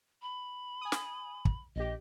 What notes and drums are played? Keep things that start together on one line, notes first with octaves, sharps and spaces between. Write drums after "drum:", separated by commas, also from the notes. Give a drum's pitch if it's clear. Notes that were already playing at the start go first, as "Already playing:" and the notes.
B5
G#5 D#6
drum: snare
drum: kick
A#1 G4 D#5